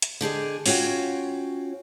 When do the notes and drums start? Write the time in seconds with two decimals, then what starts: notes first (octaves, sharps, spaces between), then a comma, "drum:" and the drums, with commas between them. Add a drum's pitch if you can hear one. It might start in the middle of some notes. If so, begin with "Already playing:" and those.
0.02 drum: hi-hat
0.21 D3 G4 G#4 D#5
0.66 C#4 F4 F#4 C#5 G5, drum: open hi-hat